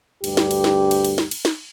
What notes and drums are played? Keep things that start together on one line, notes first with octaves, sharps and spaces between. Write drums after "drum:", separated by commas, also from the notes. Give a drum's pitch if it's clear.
D2 G2 G4, drum: cymbal
drum: snare
drum: cymbal
drum: snare
drum: cymbal
drum: cymbal
drum: snare
drum: cymbal
drum: snare